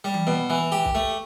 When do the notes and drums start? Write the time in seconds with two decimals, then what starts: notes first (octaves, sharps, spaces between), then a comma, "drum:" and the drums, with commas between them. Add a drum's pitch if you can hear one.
0.04 G3
0.14 drum: tom E3
0.27 B2
0.50 E3
0.72 G4
0.85 drum: kick
0.95 A3